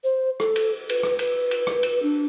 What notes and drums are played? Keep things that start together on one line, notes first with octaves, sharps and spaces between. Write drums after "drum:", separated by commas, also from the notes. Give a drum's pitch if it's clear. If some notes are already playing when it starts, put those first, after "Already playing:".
C5
A4, drum: rim click
drum: cymbal
B4, drum: cymbal
drum: rim click
B4, drum: cymbal
drum: cymbal
drum: rim click
drum: cymbal
D4